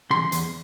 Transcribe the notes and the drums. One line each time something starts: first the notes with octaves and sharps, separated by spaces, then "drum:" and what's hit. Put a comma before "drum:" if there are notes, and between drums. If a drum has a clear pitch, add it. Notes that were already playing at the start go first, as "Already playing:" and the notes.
C3 E3 C6
E2, drum: hi-hat